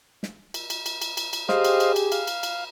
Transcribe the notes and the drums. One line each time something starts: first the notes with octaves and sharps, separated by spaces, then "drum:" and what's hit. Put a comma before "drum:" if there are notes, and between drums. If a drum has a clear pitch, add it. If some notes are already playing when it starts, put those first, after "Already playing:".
drum: snare
drum: cymbal
drum: cymbal
drum: cymbal
drum: cymbal
drum: cymbal
drum: cymbal
G4 G#4 C5 D#5 F5, drum: snare
drum: cymbal
drum: cymbal
drum: cymbal
F5, drum: cymbal
drum: cymbal
drum: cymbal